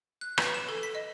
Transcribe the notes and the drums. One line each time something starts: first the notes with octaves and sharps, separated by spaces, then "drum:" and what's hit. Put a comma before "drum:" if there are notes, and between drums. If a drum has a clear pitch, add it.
F#6
B4, drum: rim click
E7
A4
B6
D#5